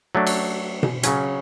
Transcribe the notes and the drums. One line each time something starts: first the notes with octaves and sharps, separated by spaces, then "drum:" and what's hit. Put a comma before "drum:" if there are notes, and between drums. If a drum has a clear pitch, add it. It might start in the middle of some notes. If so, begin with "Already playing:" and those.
F#3 A3 D4
drum: cymbal
drum: tom B2
C#3 F#3 C#4, drum: hi-hat